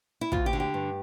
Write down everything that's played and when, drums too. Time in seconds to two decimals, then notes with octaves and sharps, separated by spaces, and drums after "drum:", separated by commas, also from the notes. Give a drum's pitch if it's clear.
0.21 E4
0.32 D2 F4, drum: kick
0.46 G4
0.53 D3
0.60 G4
0.74 G2